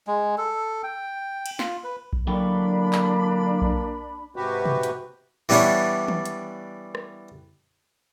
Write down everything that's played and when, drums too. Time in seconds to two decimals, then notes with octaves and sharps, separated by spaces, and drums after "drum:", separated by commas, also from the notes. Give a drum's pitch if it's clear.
0.07 G#3
0.38 A4
0.83 G5
1.46 drum: cymbal
1.59 F4, drum: snare
1.84 B4
2.13 drum: kick B1
2.27 D3 F#3 A#3 D4 G5 B5
2.93 drum: clap
3.62 drum: kick B1
4.36 G#2 C3 F#4 G4 B4
4.66 drum: tom B2
4.83 drum: hi-hat
5.49 E3 G3 B3 D4 E4 C#5
6.08 drum: tom D#3
6.26 drum: hi-hat
6.95 drum: rim click